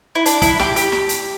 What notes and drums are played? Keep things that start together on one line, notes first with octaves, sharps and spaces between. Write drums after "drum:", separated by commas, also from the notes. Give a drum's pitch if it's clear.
E4
D4, drum: hi-hat
E4, drum: kick, hi-hat
G4, drum: snare
G4, drum: hi-hat
drum: snare
drum: hi-hat